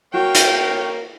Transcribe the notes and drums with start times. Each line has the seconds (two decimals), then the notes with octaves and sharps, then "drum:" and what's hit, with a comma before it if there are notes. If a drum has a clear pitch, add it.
0.14 A#3 F#4 C#5 F5 G5
0.35 drum: hi-hat